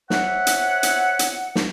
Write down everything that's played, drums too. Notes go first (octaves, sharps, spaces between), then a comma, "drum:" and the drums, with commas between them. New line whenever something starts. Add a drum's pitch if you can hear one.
C5 C#5 E5 F#5, drum: snare
drum: hi-hat
drum: hi-hat
drum: hi-hat
drum: snare